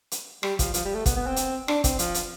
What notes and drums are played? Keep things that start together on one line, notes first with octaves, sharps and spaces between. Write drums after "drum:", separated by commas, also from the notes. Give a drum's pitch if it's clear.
drum: hi-hat
G3, drum: rim click
F3, drum: kick, hi-hat
F3, drum: hi-hat
G3
A3
B3, drum: kick, hi-hat
B3
C4
drum: hi-hat
D4, drum: rim click
C4, drum: kick, hi-hat
F3, drum: hi-hat
drum: hi-hat